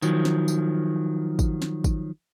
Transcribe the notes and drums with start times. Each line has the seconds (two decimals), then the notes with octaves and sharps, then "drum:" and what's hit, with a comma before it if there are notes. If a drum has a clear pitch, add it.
0.02 D#3 F3 F#3, drum: tambourine
0.25 drum: snare
0.48 drum: tambourine
1.39 drum: kick, tambourine
1.62 drum: snare
1.84 drum: kick, tambourine